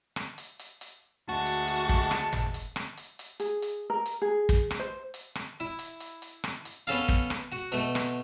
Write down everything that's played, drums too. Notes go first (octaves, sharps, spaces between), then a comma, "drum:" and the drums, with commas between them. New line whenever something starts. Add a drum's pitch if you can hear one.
drum: rim click
drum: hi-hat
drum: hi-hat
drum: hi-hat
D2 G#3 F#4 A5 C#6
drum: hi-hat
drum: hi-hat
drum: kick
drum: rim click
drum: tom G#1
drum: hi-hat
drum: rim click
drum: hi-hat
drum: hi-hat
G#4, drum: hi-hat
drum: hi-hat
A#4
drum: hi-hat
G#4
drum: kick, hi-hat
drum: rim click
C5
drum: hi-hat
drum: rim click
E4
drum: hi-hat
drum: hi-hat
drum: hi-hat
drum: rim click
drum: hi-hat
B3 C#4 A4 F5, drum: hi-hat
drum: kick, hi-hat
drum: rim click
F#4
B2 A3, drum: hi-hat
drum: rim click